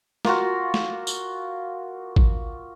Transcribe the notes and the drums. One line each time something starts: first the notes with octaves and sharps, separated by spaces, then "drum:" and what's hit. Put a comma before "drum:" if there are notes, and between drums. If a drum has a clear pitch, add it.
A#3 F4 F#4, drum: snare
drum: snare
drum: tambourine
drum: kick A1